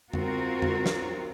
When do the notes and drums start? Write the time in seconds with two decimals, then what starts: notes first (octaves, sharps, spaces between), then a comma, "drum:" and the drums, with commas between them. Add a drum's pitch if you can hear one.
0.13 C4 F4 F#4 A#4, drum: tom
0.62 drum: tom
0.86 drum: snare